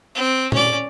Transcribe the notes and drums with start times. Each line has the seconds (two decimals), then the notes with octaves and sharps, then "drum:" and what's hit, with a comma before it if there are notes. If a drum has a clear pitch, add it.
0.15 C4
0.52 C#4 D5, drum: tom A#2